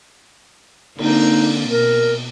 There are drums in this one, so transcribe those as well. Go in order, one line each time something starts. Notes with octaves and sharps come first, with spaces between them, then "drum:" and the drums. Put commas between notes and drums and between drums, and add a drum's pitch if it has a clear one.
D3 A#3 C4 D#4, drum: cymbal
B2 A#4